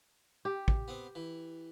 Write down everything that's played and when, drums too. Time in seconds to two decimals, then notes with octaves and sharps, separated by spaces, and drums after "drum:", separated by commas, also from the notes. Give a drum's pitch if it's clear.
0.45 G4
0.68 drum: kick
0.88 B3 C4
1.15 E3